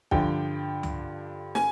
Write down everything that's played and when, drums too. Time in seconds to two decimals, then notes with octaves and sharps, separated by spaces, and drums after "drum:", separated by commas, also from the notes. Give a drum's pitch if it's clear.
0.11 G2 D3 F3 G5, drum: kick
0.83 drum: tom C#2
1.55 G#5, drum: snare